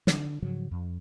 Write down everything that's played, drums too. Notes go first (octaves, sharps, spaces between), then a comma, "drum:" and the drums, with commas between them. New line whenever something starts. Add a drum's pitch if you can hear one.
D3, drum: snare
G#2 C#3 F3 F#3
F2